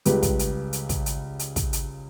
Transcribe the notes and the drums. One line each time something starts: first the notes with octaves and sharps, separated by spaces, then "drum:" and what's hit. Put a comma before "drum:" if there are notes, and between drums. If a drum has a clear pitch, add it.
C#2 C#3 G3 G4 B4, drum: hi-hat
drum: kick, hi-hat
drum: hi-hat
drum: hi-hat
drum: kick, hi-hat
drum: hi-hat
drum: hi-hat
drum: kick, hi-hat
drum: hi-hat